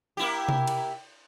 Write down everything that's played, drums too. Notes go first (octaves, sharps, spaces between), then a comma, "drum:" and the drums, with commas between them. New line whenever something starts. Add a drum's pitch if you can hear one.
A#3 E4 G4
drum: tom C3
drum: cymbal